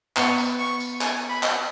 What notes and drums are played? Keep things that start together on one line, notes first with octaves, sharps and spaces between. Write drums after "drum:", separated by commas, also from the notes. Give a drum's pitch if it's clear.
B3 C#6, drum: clap
drum: tambourine
C#6
drum: tambourine
G#5, drum: clap
B5
drum: clap